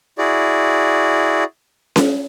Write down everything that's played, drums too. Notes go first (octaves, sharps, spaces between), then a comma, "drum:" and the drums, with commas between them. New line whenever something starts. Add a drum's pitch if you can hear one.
E4 F#4 G#4 D5
drum: snare C#4